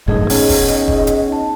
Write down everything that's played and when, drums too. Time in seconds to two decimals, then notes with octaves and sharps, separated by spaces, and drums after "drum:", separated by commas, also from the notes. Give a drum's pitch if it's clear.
0.08 G1 F#2 A2 D#4 G#4 D#5
0.30 B3 C#4, drum: open hi-hat
0.49 drum: kick, open hi-hat
0.68 drum: hi-hat
0.88 drum: kick
1.07 drum: hi-hat
1.32 A5